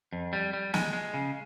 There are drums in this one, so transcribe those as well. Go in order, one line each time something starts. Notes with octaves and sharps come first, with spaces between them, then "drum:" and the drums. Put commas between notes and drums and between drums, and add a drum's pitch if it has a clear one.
F2
G3
G3
G#3, drum: snare
G#3
C#3